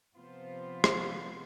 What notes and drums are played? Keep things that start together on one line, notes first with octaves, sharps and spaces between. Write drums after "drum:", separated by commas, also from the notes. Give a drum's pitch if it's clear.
C3 F3 B3 F4 C5
drum: rim click